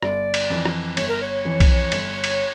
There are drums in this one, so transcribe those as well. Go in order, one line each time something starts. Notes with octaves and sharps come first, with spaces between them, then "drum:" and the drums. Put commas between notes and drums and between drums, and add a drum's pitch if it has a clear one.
G1 D5, drum: rim click
drum: cymbal
F2 E3
drum: rim click
G1 C#5, drum: cymbal
A#4
C#5
F2 E3
drum: kick, cymbal
G1, drum: cymbal
drum: cymbal